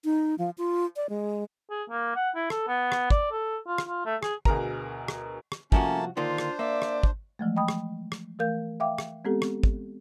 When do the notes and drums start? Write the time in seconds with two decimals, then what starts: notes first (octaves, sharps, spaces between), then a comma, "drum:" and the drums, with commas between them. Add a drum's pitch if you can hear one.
0.04 D#4
0.38 F3
0.58 F4
0.96 D5
1.10 G#3
1.70 G#4
1.90 A#3
2.15 F#5
2.36 E4
2.50 A4, drum: rim click
2.68 B3
2.92 drum: rim click
3.10 D5, drum: kick
3.32 A4
3.67 F4
3.78 drum: rim click
3.88 F4
4.06 A3
4.23 G#4, drum: rim click
4.45 D2 B2 G#4 A#4 A#5, drum: kick
5.08 drum: rim click
5.52 drum: rim click
5.72 C2 F3 A3 A#3 C#4 F#4 A5, drum: kick
6.17 D3 D#3 A#3 D4 F4 C5
6.38 drum: rim click
6.59 A#3 D5 E5
6.82 drum: rim click
7.03 drum: kick
7.39 E3 F3 G#3 A3
7.56 D#5 G5 B5 D#6
7.68 drum: rim click
8.12 drum: rim click
8.39 E3 A3 A#4 F5 G6
8.80 E5 F5 G5 D6
8.98 drum: rim click
9.25 G#3 B3 C4 G4 A4
9.42 drum: rim click
9.63 drum: kick